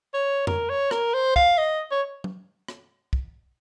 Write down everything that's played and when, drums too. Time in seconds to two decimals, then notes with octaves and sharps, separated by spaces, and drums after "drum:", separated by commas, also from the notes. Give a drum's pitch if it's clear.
0.14 C#5
0.47 A#4, drum: tom F2
0.69 C#5
0.91 A#4, drum: rim click
1.14 C5
1.36 F5, drum: kick
1.58 D#5
1.91 C#5
2.24 drum: tom
2.68 drum: rim click
3.13 drum: kick